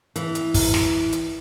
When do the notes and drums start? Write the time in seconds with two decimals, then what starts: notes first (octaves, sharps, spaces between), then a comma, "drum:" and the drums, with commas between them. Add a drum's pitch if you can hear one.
0.16 E3, drum: hi-hat
0.35 drum: hi-hat
0.54 drum: kick, open hi-hat
0.74 drum: snare
1.12 drum: hi-hat